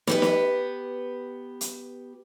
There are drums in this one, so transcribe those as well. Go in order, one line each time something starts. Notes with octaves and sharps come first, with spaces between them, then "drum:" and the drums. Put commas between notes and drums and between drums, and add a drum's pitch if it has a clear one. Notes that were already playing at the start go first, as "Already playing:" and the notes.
B3 G4 B4, drum: snare
drum: snare
drum: hi-hat